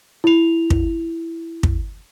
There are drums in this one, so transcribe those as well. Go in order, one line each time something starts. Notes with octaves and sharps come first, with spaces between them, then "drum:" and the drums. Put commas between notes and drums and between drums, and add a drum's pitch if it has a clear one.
E4 F7
drum: kick
drum: kick